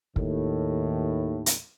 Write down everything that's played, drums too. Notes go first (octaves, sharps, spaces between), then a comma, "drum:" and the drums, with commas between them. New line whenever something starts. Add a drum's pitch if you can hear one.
D#2 A2, drum: kick
drum: hi-hat